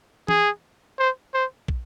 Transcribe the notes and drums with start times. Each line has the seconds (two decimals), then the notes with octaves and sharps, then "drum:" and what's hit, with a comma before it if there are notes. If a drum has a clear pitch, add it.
0.28 G#4, drum: tom E3
0.99 C5
1.34 C5
1.68 drum: kick